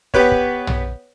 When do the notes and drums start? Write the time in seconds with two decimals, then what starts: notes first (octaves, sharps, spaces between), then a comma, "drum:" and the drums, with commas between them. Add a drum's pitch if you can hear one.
0.14 B3 G4 B4 C#5, drum: kick
0.32 drum: kick
0.67 drum: tom